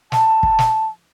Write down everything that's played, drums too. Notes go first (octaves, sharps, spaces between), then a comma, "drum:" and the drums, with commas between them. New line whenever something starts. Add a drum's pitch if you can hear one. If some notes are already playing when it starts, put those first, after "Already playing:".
A5, drum: snare
drum: kick
drum: snare